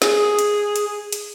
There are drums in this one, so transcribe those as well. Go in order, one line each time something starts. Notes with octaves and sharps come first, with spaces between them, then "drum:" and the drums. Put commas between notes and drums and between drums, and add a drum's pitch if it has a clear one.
G#4, drum: snare
drum: hi-hat
drum: hi-hat
drum: hi-hat